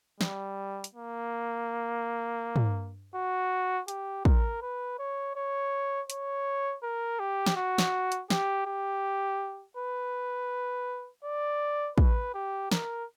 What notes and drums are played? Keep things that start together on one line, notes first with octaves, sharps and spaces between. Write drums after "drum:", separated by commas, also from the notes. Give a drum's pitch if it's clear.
G3, drum: snare
drum: hi-hat
A#3
drum: tom
F#4
G4, drum: hi-hat
A#4, drum: kick
B4
C#5
C#5
C#5, drum: hi-hat
A#4
G4
drum: snare
F#4
drum: snare
drum: hi-hat
G4, drum: snare
G4
B4
D5
B4, drum: kick
G4
A#4, drum: snare